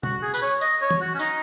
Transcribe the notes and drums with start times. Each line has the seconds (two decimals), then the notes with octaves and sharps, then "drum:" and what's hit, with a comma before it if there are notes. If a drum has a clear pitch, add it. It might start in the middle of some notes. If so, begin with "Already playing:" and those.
0.03 F#4, drum: tom
0.22 G#4
0.34 B4, drum: tambourine
0.42 C#5
0.61 D#5, drum: tambourine
0.81 C#5
0.91 drum: tom E3
1.01 F#4
1.14 C#4
1.19 D#4, drum: tambourine